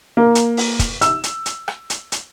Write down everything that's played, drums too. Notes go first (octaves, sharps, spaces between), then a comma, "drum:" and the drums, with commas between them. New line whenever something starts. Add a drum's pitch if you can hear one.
A#3
drum: hi-hat
drum: open hi-hat
drum: kick, hi-hat
E6, drum: hi-hat
drum: hi-hat
drum: hi-hat
drum: rim click
drum: hi-hat
drum: hi-hat